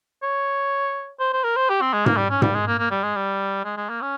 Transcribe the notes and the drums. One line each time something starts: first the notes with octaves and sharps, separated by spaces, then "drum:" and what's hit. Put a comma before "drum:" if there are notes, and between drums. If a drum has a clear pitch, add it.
C#5
C5
C5
A#4
C5
G4
C4
G#3
A#3, drum: tom G#2
G3
C#4
G3, drum: tom G#2
G#3
A#3
A#3
G3
G#3
G3
G#3
G#3
A#3
C#4